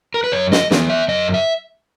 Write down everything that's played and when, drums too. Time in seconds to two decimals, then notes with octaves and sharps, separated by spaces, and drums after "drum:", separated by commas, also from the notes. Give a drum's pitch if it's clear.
0.14 A#4
0.24 B4
0.32 F#2 C#5
0.52 D#5, drum: snare
0.71 E3 B3, drum: snare
0.90 E5
1.08 F#2 D#5
1.34 E5